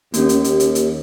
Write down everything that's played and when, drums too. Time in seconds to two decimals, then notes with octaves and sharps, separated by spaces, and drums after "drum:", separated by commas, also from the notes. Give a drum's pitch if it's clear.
0.14 D#2 A#3 C#4 G4, drum: hi-hat
0.29 drum: hi-hat
0.44 drum: hi-hat
0.60 drum: hi-hat
0.75 drum: hi-hat